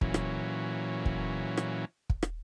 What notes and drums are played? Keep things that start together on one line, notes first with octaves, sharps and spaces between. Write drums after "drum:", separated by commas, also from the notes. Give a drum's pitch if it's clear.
A#2 E3 F#3 C#4, drum: kick
drum: rim click
drum: kick
drum: rim click
drum: kick
drum: rim click